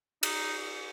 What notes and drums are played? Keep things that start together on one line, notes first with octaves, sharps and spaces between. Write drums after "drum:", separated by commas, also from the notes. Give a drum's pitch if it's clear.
D#4, drum: cymbal